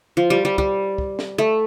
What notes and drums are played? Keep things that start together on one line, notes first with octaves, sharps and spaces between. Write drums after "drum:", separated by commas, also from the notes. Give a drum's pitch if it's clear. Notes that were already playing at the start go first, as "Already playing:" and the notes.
F3
G3
G3
G3, drum: kick
drum: kick
drum: snare
A3